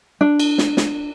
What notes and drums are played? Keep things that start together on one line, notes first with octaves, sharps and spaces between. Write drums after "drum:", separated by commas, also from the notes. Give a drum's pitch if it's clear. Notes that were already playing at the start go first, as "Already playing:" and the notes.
D4
drum: cymbal
drum: snare
drum: snare